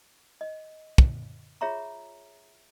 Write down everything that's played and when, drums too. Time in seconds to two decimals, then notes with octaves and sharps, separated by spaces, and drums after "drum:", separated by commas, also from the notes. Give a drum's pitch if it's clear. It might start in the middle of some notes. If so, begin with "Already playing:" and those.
0.41 D#5
0.98 drum: kick
1.61 F4 G#4 C#5 E5 A#5 C#6